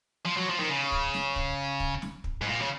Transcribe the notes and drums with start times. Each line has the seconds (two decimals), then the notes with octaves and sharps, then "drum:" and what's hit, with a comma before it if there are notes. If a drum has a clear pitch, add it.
0.26 F3
0.37 F#3
0.50 F3
0.60 D#3
0.70 C#3
0.92 drum: kick
1.14 drum: snare
1.36 drum: kick
1.80 drum: kick
2.02 drum: snare
2.24 drum: kick
2.41 G#2
2.46 A#2
2.61 C#3